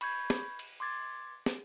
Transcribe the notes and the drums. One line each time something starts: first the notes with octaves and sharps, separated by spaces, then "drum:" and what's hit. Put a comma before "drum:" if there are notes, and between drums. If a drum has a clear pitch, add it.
B5 C#6 G6 G#6, drum: cymbal
drum: snare
drum: cymbal
C6 D6 G#6 A6
drum: snare